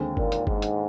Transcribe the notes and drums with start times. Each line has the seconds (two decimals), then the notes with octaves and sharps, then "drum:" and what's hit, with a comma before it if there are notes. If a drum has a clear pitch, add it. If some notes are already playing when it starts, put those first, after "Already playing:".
Already playing: D#2 D3 G#3 C4
0.17 A#2, drum: kick G1
0.32 drum: hi-hat
0.47 G#2, drum: kick G1
0.62 drum: hi-hat